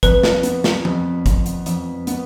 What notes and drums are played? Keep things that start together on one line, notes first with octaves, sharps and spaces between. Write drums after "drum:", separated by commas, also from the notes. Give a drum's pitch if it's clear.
F2 B4, drum: kick, hi-hat
drum: snare
B3, drum: hi-hat
drum: snare
F2, drum: tom E3
F2, drum: kick, hi-hat
drum: hi-hat
F2, drum: hi-hat
B3, drum: hi-hat